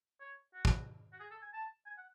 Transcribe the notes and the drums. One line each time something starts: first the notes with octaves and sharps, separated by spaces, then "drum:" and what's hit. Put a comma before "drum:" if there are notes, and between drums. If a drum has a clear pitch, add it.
C#5
F#4
drum: kick
F#4
G#4
A4
G#5
A5
G#5
F#5